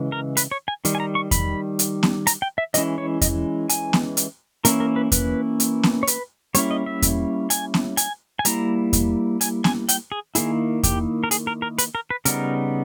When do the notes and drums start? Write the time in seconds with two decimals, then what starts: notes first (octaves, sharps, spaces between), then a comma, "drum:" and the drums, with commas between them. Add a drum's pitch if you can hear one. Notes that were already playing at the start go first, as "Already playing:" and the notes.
Already playing: C#3 E3 G#3
0.12 A#4
0.37 B4, drum: hi-hat
0.51 C#5
0.68 G#5
0.85 D#3 G3, drum: hi-hat
0.95 G#5
1.00 A#5
1.15 C#6
1.31 B5, drum: kick E2, hi-hat
1.79 drum: hi-hat
2.03 drum: snare B3
2.27 A#5, drum: hi-hat
2.42 G5
2.58 E5
2.74 E3 G#3 C#4 E4 D#5, drum: hi-hat
2.98 C#5
3.21 D#5, drum: kick E2, hi-hat
3.69 G#5, drum: hi-hat
3.93 drum: snare B3
4.17 drum: hi-hat
4.65 E3 A#3 C#4 E4 A#4, drum: hi-hat
4.80 A#4
4.96 B4
5.12 B4, drum: kick E2, hi-hat
5.60 drum: hi-hat
5.83 drum: snare B3
6.03 C#5
6.07 B4, drum: hi-hat
6.54 G3 A#3 C#4 E4 C#5, drum: hi-hat
6.71 D#5
6.86 E5
7.02 drum: kick E2, hi-hat
7.50 G#5, drum: hi-hat
7.74 drum: snare B3
7.97 G#5, drum: hi-hat
8.39 G#5
8.45 G3 A#3 E4 A#5, drum: hi-hat
8.93 drum: kick E2, hi-hat
9.41 G#5, drum: hi-hat
9.64 G#5, drum: snare B3
9.89 G5, drum: hi-hat
10.12 G#4
10.35 D#3 A#3 E4 G#4, drum: hi-hat
10.83 G4, drum: kick E2, hi-hat
11.24 A#4
11.31 G#4, drum: hi-hat
11.47 A#4
11.62 A#4
11.78 B4, drum: hi-hat
11.95 A#4
12.10 B4
12.25 C#3 G3 B3 D#4 A#4, drum: hi-hat